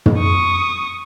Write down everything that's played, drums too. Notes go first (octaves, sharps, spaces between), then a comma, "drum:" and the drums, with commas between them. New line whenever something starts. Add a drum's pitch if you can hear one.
drum: tom
C#6 D#6